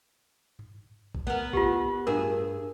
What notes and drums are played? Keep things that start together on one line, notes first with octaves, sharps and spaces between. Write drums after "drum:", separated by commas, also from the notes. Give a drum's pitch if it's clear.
drum: tom G2
drum: kick
B3 A#4
F4 G4, drum: kick
G2 G#4 A#4